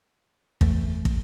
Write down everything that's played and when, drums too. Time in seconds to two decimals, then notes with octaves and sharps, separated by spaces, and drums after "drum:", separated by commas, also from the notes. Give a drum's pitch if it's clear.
0.61 E2 A3, drum: kick
1.05 drum: kick